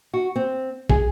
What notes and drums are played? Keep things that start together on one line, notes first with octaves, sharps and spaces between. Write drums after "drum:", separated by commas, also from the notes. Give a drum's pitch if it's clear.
F#4
C4
G#4, drum: kick